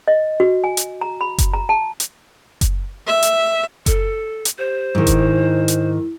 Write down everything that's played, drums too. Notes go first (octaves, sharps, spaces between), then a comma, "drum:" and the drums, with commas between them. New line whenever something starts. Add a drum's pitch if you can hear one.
D#5
F#4
G#5
drum: hi-hat
A#5
B5
drum: kick F#1, hi-hat
A#5
A5
drum: hi-hat
drum: kick F#1, hi-hat
E5
drum: hi-hat
A4, drum: kick F#1, hi-hat
drum: hi-hat
G4 C5
G#2 D#3 E4
drum: kick F#1, hi-hat
drum: hi-hat